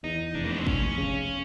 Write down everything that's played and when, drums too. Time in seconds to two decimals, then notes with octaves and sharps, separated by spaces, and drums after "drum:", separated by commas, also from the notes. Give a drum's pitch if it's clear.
0.04 E2 D#4
0.35 F1 D4
0.44 A#3
0.51 B3
0.59 C4
0.67 F1 C#4, drum: kick
0.98 C#3